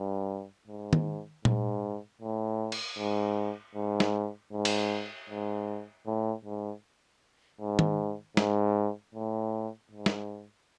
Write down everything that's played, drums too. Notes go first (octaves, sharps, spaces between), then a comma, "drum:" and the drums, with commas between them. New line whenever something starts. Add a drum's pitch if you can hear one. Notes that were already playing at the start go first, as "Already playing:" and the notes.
Already playing: G2
G#2
drum: tom
G#2, drum: tom A#2
A2
drum: cymbal
G#2
G#2
drum: snare
G#2
drum: cymbal
G#2
A2
G#2
G#2
drum: tom
G#2, drum: snare
A2
G#2
drum: snare